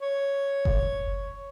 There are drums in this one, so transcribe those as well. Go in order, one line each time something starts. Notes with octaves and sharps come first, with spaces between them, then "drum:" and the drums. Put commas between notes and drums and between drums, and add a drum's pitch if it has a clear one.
C#5
drum: kick F#1